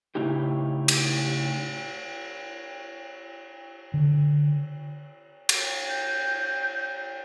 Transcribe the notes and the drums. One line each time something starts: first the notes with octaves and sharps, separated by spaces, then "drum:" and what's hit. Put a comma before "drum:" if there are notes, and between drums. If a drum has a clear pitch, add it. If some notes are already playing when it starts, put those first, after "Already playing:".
A2 C#3 A3 D#4 E4 G4
drum: cymbal
D3
drum: cymbal
G6